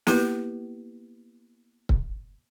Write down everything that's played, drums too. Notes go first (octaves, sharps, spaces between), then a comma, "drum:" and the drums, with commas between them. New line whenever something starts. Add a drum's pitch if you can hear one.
A#3 B3 E4 G4 B4, drum: snare
drum: kick C#1